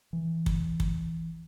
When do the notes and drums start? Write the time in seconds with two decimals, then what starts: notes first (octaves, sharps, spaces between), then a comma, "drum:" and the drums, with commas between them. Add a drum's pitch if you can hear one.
0.13 E3
0.46 drum: kick
0.80 drum: kick